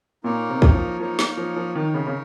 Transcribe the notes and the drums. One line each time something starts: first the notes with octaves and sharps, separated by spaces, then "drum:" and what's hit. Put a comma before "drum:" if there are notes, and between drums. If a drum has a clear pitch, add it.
A#2 A#3 D#4 A#4 C#5
C3
drum: kick
F3
F3 A#3 D#4 A#4 C#5
drum: snare
F3
F3
D#3 D#4 A#4 C#5
C#3
C#3